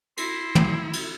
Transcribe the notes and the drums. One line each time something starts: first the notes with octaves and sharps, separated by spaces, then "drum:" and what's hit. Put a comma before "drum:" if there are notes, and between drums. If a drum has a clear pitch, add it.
E4 C6, drum: cymbal
drum: tom
drum: cymbal